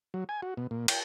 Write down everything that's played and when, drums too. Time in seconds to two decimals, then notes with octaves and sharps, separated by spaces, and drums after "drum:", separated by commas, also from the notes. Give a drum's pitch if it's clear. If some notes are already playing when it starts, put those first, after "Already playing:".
0.14 F#3
0.29 G#5
0.42 F#4
0.57 B2
0.71 A#2
0.88 G5, drum: cymbal